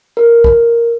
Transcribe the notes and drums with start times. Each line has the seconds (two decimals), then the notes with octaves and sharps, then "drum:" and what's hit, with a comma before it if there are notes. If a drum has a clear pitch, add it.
0.17 A#4
0.44 drum: kick